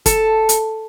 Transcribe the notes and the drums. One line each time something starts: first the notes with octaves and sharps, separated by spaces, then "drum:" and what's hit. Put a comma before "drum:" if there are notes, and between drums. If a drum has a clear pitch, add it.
A4, drum: kick, hi-hat
drum: hi-hat